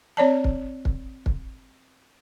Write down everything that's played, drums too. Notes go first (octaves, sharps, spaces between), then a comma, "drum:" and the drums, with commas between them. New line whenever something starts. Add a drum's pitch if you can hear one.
C4 C#5 D5 A5
drum: kick
drum: kick
drum: kick